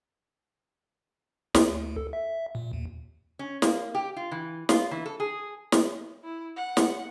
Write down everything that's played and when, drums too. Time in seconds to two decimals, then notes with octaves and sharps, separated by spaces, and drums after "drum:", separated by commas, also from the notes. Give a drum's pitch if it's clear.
1.55 D2, drum: snare
1.97 A4
2.13 E5
2.55 A#2
2.73 D#2
3.39 C#4
3.62 A#3, drum: snare
3.95 G4
4.16 F4
4.32 E3
4.69 F4, drum: snare
4.91 E3
5.06 A4
5.20 G#4
5.72 drum: snare
6.24 E4
6.56 F#5
6.77 drum: snare